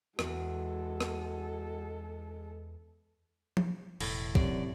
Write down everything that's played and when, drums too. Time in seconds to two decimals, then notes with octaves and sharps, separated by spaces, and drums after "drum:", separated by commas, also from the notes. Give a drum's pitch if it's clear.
0.19 E2 G#3 F#4 A4 C7, drum: rim click
1.01 drum: rim click
3.57 drum: tom F3
4.01 E1 A2, drum: cymbal
4.35 F#2 C3 D5, drum: kick